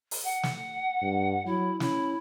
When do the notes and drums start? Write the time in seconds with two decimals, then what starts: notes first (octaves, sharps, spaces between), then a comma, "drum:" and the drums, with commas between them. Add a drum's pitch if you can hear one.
0.11 drum: open hi-hat
0.24 F#5
0.43 drum: snare
1.02 G2
1.46 F#3 E4
1.80 C#4 E4, drum: snare